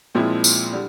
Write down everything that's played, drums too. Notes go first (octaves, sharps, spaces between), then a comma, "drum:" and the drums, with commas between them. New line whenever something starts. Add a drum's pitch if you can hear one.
A#2 F3 G#3 C4 E4
drum: tambourine
D3 G3